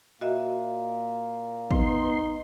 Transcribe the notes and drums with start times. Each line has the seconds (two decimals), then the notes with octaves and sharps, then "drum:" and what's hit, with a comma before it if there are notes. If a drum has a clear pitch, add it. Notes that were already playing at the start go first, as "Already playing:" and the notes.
0.21 A#2 A#3 F#4 D#5 E5
1.71 B3 D#4 C6, drum: kick